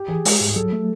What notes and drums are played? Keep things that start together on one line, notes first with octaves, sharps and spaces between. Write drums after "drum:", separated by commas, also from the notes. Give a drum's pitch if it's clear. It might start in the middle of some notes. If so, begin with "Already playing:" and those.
Already playing: G4
E3 G#4
G#3, drum: open hi-hat
G#2
G#4
F#3 A4
A3